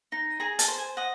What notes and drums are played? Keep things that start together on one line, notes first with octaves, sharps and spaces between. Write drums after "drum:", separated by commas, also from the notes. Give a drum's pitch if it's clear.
D#4
G#4 A#5
A5, drum: hi-hat
C5
G#5
D#5 F#5